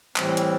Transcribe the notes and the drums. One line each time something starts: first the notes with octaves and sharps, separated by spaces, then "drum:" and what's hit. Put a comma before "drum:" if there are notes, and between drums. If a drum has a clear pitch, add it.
A2 E3 G3 C4, drum: clap
drum: hi-hat